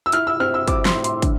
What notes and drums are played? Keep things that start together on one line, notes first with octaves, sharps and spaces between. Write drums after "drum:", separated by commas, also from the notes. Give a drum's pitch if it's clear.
E6
E4 F6, drum: hi-hat
E6
C4 F6
E6
C4 D6, drum: kick, hi-hat
C6, drum: snare
A2
C6, drum: hi-hat
D3, drum: kick, hi-hat